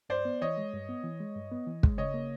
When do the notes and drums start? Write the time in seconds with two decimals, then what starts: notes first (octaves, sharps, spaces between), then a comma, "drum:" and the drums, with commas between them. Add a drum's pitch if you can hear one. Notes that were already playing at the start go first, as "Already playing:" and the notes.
0.09 G2 C5 D5
0.25 B3
0.41 E3 C#5 D#5
0.57 G#3
0.73 G2
0.89 B3
1.04 E3
1.20 G#3
1.36 G2
1.51 B3
1.67 E3
1.83 G#3, drum: kick
1.98 C#3 C#5 D#5
2.14 A#3